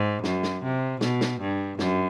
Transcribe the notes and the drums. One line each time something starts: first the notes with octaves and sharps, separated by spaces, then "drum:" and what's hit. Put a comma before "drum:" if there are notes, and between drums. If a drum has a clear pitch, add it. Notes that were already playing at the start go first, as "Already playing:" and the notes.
Already playing: G#2
F#2, drum: snare
drum: snare
C3
B2, drum: snare
drum: snare
G2
F#2, drum: snare